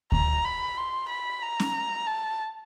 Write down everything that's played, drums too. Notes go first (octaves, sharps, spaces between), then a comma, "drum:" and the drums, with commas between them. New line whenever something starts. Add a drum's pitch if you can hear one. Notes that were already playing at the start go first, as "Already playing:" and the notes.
A#5, drum: kick D2
B5
C6
B5
A#5
drum: snare C#4
A5